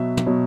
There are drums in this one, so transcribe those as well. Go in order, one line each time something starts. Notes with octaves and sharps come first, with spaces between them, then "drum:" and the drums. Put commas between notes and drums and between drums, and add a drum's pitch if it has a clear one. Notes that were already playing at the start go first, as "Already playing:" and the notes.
Already playing: B2 F#3 E5
drum: tom
B2 F#3